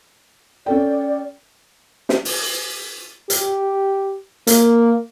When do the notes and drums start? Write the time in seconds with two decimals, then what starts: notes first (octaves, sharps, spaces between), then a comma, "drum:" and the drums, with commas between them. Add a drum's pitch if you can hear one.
0.66 C#4 A4 D5 G5
2.09 drum: snare
2.25 drum: open hi-hat
3.30 G4, drum: hi-hat
4.47 A#3, drum: hi-hat